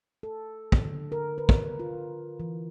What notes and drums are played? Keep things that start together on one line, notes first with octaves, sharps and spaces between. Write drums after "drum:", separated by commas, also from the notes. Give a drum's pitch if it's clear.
A4
drum: kick
D3
A#4
B4
drum: kick
F4
E3